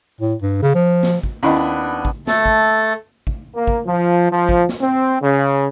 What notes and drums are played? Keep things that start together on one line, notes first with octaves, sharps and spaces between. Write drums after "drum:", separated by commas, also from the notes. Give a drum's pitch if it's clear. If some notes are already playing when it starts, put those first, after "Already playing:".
A2
G2
C#3
F3
drum: snare
drum: kick
D#2 B3 C#4 D4 E4 D#5 B5
drum: kick
A3 A4, drum: snare
drum: kick
drum: kick
A#3
drum: kick
F3
F3
drum: kick
drum: snare
C4
C#3